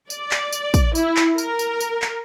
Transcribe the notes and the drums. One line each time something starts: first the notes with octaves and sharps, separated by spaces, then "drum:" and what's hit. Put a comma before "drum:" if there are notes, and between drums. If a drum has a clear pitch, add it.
D5, drum: tambourine
drum: clap
drum: tambourine
drum: kick, tambourine
E4, drum: tambourine
drum: clap
A#4, drum: tambourine
drum: tambourine
drum: tambourine
drum: clap